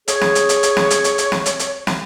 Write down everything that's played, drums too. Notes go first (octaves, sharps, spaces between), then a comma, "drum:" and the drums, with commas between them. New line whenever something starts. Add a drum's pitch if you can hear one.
G#4 C#5, drum: hi-hat
drum: snare
drum: hi-hat
drum: hi-hat
drum: hi-hat
drum: snare
drum: hi-hat
drum: hi-hat
drum: hi-hat
drum: snare
drum: hi-hat
drum: hi-hat
drum: snare